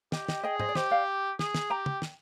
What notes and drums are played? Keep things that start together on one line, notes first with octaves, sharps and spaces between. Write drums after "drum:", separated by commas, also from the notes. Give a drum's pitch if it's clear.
G4 D#5 G5, drum: snare
D#5 G5, drum: snare
G#4 D#5 G5
C5 D#5, drum: tom
D5
G4 C5 D#5, drum: snare
D5 F5
G#4, drum: snare
drum: snare
G4 G5 A#5
drum: tom
drum: snare